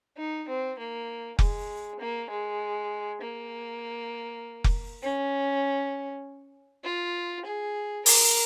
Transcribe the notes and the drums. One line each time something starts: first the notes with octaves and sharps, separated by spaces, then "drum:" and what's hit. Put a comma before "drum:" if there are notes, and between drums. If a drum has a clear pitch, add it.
D#4
C4
A#3
G#3, drum: kick F1
A#3
G#3
A#3
drum: kick F1
C#4
F4
G#4
A#4, drum: open hi-hat